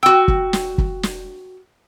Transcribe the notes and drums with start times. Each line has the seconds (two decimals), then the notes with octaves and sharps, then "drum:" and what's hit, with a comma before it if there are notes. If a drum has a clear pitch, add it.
0.03 F#4 G5 E6
0.28 drum: kick
0.53 drum: snare
0.78 drum: kick
1.03 drum: snare